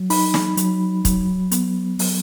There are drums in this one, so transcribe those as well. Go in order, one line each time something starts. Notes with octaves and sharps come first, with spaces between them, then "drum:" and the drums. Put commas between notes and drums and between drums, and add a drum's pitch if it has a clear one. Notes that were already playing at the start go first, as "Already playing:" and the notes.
Already playing: F#3
D#4 B5, drum: open hi-hat
drum: snare
F#3, drum: hi-hat
F#3, drum: kick, hi-hat
B3, drum: hi-hat
F#3, drum: open hi-hat